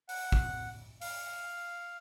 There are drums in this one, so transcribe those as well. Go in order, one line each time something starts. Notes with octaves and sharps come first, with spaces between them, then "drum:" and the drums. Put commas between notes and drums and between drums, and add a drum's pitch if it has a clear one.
F#5, drum: open hi-hat
drum: kick A1
F5, drum: open hi-hat